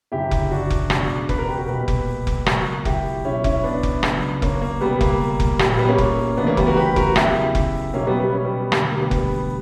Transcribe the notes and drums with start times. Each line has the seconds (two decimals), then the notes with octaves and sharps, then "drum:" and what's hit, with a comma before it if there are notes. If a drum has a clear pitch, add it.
0.12 F#1 F#2 D3 E4 G4
0.31 drum: kick F1
0.51 D4 F#4
0.70 drum: kick F1
0.90 E1 E2 C#3 D4 F#4, drum: rim click
1.29 B4, drum: kick F1
1.39 A#4
1.48 G4
1.58 F#4 A#4
1.68 B1 A#2 G3 G4 B4
1.88 drum: kick F1
2.27 drum: kick F1
2.46 C#2 B2 F#3 F#4 A#4, drum: rim click
2.85 E4 G4, drum: kick F1
3.25 B1 B2 F#3 C#4 E4
3.44 C#4 E4, drum: kick F1
3.63 B3 D4
3.83 drum: kick F1
4.03 C#2 C#3 F#3, drum: rim click
4.42 A#3 C#4, drum: kick F1
4.61 A#3
4.81 C#2 B2 G3 B3
5.01 A#3, drum: kick F1
5.40 drum: kick F1
5.59 A#1 A#2 G3, drum: rim click
5.79 G3 B3
5.88 A#3 C#4
5.98 drum: kick F1
6.37 D2 C#3 E3 B3 D4
6.47 A#3 C#4
6.57 G3 B3, drum: kick F1
6.67 F#4 A#4
6.77 G4 B4
6.96 F#4 A#4, drum: kick F1
7.16 E2 C#3 F#3 E4 G4, drum: rim click
7.55 drum: kick F1
7.94 B1 B2 F#3 A#3 C#4
8.07 G3 B3
8.20 B3
8.32 C#4
8.45 G3 B3
8.72 E1 D2 D3 G3 A#3, drum: rim click
8.82 G3
8.91 A#3
9.01 G3 B3
9.11 drum: kick F1